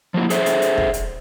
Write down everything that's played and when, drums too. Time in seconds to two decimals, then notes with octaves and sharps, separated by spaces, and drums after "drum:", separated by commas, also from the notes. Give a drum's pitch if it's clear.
0.14 F3 F#3 A#3 E4
0.30 G#4 A4 C5 E5, drum: hi-hat
0.46 drum: hi-hat
0.62 drum: hi-hat
0.78 drum: kick
0.94 drum: hi-hat